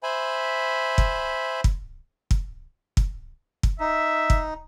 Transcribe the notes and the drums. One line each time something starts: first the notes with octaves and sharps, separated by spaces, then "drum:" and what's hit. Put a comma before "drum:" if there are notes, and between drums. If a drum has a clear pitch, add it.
C5 E5 G#5 B5
drum: kick
drum: kick
drum: kick
drum: kick
drum: kick
D#4 E5
drum: kick